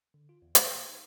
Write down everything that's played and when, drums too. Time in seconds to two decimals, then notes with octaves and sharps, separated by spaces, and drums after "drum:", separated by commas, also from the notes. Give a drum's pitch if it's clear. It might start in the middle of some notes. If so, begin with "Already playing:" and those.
0.14 D3
0.29 F4
0.42 E2
0.55 G3, drum: hi-hat
0.71 C3
0.88 D#4